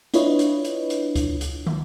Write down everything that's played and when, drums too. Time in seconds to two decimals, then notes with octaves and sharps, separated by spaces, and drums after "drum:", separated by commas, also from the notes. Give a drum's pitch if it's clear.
0.14 D4 E4 F4 B4 C#5 D#5, drum: hi-hat
0.39 drum: hi-hat
0.65 drum: hi-hat
0.90 drum: hi-hat
1.16 drum: kick C#2, hi-hat
1.41 drum: hi-hat
1.66 drum: tom